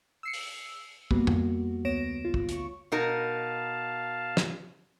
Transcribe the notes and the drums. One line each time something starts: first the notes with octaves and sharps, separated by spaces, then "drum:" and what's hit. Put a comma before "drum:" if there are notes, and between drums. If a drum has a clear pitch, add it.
E6 C7 C#7
drum: open hi-hat
G3 A#3 B3 F#4, drum: kick
F2, drum: tom F2
D2 B3 C#5 A#6 D7 E7
F4
drum: kick
D2 C#6, drum: hi-hat
B2 D#4 A#4 F5 A5
drum: snare